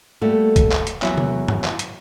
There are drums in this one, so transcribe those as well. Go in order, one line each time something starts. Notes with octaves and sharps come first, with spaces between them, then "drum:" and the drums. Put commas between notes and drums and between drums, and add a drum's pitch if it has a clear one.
G3 A3 A#3 F#4 A4
drum: kick, hi-hat
drum: clap
drum: hi-hat
E2 F#3 E5, drum: clap
drum: tom C3
drum: tom G2
drum: clap
drum: hi-hat